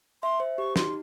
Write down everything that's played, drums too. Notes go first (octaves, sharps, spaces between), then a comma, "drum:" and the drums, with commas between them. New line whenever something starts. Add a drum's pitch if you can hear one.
E5 C6
C5
G4 C#6
D#4 C6, drum: snare